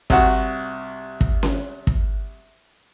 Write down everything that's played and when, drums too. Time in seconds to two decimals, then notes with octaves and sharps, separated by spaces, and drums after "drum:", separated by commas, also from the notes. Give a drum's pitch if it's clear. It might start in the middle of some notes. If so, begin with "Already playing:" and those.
0.10 C2 F#4, drum: kick
1.21 drum: kick
1.43 drum: snare C#4
1.87 drum: kick